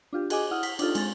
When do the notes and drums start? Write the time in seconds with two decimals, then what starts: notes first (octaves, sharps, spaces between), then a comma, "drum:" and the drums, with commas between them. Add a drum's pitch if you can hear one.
0.13 D4 F4 G4
0.30 F#4 G#4 D#5 G#5 D6, drum: cymbal
0.51 E4 F#5 D#6 F6
0.63 B6, drum: cymbal
0.79 D4 D#4 F4 A4, drum: cymbal
0.95 G#3 C4 A6, drum: cymbal